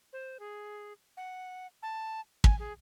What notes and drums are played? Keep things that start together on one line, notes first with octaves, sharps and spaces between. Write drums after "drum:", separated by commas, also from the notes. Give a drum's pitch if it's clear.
C5
G#4
F#5
A5
G#5, drum: kick
G#4